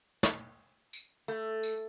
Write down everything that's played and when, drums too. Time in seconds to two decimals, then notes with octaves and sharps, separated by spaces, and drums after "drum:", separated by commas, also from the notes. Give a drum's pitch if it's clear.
0.23 drum: snare
0.93 drum: tambourine
1.28 A3
1.63 drum: tambourine